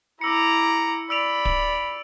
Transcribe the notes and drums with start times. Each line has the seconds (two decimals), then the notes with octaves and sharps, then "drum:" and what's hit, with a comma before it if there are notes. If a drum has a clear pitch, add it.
0.21 E4 A#5 D6 E6 C#7
1.10 D5 B5 E6 D7 F7
1.45 drum: kick D1